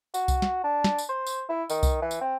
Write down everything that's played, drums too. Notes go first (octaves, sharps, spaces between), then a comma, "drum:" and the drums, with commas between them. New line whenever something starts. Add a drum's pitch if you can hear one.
F#4, drum: tambourine
drum: kick C2, tambourine
drum: snare
D4
drum: snare
drum: tambourine
C5
drum: tambourine
E4
D#3, drum: tambourine
drum: kick C2, tambourine
E3
drum: tambourine
C4